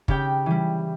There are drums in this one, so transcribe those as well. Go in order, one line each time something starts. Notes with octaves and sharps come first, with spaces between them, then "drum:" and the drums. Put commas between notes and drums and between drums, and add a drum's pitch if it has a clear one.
C#3 G4 G5, drum: kick
E3 G3